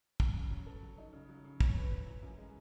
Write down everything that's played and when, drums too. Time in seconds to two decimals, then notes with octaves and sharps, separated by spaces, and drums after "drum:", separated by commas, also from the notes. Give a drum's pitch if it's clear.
0.20 C#3, drum: kick
0.35 C#3
0.50 F#3
0.66 A4
0.82 F#3
0.98 D#4
1.13 C#3
1.29 F#3
1.44 C#3
1.60 C#4, drum: kick
1.75 B4
1.91 F#3
2.07 E3
2.22 F#2
2.38 G#3